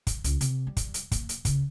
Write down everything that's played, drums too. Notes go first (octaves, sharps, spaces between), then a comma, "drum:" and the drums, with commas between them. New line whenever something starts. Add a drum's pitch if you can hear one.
drum: kick, hi-hat
C#2, drum: hi-hat
C3, drum: hi-hat
G3
drum: kick, hi-hat
drum: hi-hat
A#3, drum: kick, hi-hat
drum: hi-hat
C#3, drum: kick, hi-hat